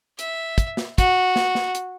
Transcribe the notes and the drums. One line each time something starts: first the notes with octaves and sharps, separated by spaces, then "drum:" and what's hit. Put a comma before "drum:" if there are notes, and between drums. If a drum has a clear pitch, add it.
E5, drum: hi-hat
drum: kick, hi-hat
drum: snare
F#4, drum: kick, hi-hat
drum: snare
drum: snare
drum: hi-hat